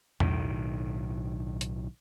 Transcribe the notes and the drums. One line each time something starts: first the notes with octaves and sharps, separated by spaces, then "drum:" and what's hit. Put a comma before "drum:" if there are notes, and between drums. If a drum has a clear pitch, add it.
B1 A2 D#3, drum: tom E2
drum: hi-hat